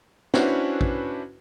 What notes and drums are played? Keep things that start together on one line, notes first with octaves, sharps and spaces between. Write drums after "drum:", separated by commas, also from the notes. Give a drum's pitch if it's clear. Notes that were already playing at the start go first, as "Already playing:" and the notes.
C#4 D4 E4 F#4 B4 C5, drum: snare
drum: kick